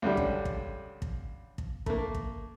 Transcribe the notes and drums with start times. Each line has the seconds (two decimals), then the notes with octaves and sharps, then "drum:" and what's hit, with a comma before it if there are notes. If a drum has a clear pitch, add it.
0.02 C#2 D3 G3
0.17 drum: kick
0.45 drum: kick
1.02 drum: kick
1.58 drum: kick
1.86 A3 A#3, drum: kick
2.15 drum: kick